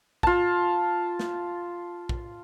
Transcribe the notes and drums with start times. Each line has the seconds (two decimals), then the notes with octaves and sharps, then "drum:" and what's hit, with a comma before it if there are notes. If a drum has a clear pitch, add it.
0.23 F4 A5, drum: kick
1.19 drum: snare
2.09 drum: kick